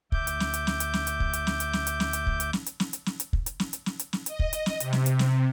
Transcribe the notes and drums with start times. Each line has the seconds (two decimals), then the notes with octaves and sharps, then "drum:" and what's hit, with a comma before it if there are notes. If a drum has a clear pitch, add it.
0.12 D2 E5 D6 G6, drum: kick
0.27 drum: hi-hat
0.40 drum: snare
0.54 drum: hi-hat
0.67 drum: snare
0.80 drum: hi-hat
0.94 drum: snare
1.07 drum: hi-hat
1.20 drum: kick
1.33 drum: hi-hat
1.47 drum: snare
1.60 drum: hi-hat
1.73 drum: snare
1.87 drum: hi-hat
2.00 drum: snare
2.13 drum: hi-hat
2.27 drum: kick
2.40 drum: hi-hat
2.53 drum: snare
2.66 drum: hi-hat
2.80 drum: snare
2.93 drum: hi-hat
3.06 drum: snare
3.20 drum: hi-hat
3.33 drum: kick
3.46 drum: hi-hat
3.60 drum: snare
3.73 drum: hi-hat
3.86 drum: snare
3.99 drum: hi-hat
4.13 drum: snare
4.26 D#5, drum: hi-hat
4.39 drum: kick
4.53 drum: hi-hat
4.66 drum: snare
4.80 C3, drum: hi-hat
4.93 drum: snare
5.06 drum: hi-hat
5.19 drum: snare